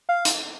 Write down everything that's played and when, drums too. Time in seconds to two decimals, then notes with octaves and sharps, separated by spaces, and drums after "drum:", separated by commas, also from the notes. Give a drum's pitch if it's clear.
0.09 F5
0.25 drum: hi-hat